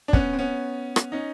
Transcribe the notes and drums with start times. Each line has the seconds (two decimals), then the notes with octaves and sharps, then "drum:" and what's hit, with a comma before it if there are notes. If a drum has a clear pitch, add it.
0.08 D4
0.13 B3 C#4, drum: kick
0.33 C4
0.39 B3 C#4
0.96 drum: rim click
1.12 C#4 D#4